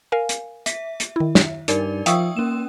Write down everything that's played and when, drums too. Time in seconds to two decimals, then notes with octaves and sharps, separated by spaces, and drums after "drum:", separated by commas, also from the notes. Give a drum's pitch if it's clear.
0.12 A#4 F5 G#5
0.29 drum: hi-hat
0.66 E5 B6, drum: hi-hat
1.00 drum: hi-hat
1.16 D#3 E4
1.35 drum: snare
1.68 G2 D#4 A#4 D5, drum: hi-hat
2.06 F3 E5 F5 G5 C#6 D#6 E6, drum: hi-hat
2.37 A#3 C#4 E7